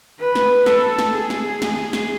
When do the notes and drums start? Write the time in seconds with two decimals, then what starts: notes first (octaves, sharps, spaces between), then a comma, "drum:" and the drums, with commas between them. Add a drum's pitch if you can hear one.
0.20 B4
0.35 drum: snare
0.66 A4, drum: snare
0.99 drum: snare
1.14 G#4
1.30 drum: snare
1.62 G#4, drum: snare
1.93 drum: snare